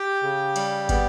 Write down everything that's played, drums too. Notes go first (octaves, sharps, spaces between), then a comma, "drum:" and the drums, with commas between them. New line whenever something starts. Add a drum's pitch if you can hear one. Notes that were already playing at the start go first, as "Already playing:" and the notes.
Already playing: G4 G5
C#3
G3, drum: cymbal
B3, drum: kick, cymbal